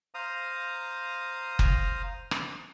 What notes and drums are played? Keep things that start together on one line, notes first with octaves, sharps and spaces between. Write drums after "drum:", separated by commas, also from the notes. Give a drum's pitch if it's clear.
C5 F5 A#5 D#6
drum: kick F#1
drum: rim click